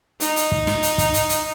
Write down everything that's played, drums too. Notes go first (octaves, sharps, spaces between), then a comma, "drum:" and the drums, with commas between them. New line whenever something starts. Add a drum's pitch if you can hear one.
D#4, drum: hi-hat
drum: hi-hat
drum: kick
drum: snare
drum: hi-hat
drum: kick, hi-hat
drum: hi-hat
drum: hi-hat